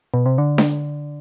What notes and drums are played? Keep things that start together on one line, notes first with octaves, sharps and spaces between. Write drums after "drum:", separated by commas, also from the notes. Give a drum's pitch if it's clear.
B2
C3
D3
drum: snare D4